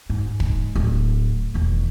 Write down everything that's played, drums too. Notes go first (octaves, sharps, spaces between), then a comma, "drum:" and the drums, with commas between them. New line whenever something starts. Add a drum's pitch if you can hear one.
G#2
drum: kick
D1
E1 D#2